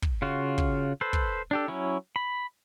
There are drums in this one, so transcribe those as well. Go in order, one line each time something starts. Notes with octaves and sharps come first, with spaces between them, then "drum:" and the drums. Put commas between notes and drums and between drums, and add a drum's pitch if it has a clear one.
drum: kick
C#3 F4 F#4
drum: kick
A4 B4 C5
drum: kick
D4 G4 A4
F#3 C#4 E4
B5